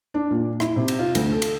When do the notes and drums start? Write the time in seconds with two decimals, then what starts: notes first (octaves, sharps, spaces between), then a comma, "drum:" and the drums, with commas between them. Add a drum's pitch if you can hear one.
0.14 D4
0.31 A#2
0.60 E4, drum: rim click
0.76 C3
0.88 drum: cymbal
0.99 F4
1.15 D2, drum: cymbal
1.32 A4
1.42 drum: cymbal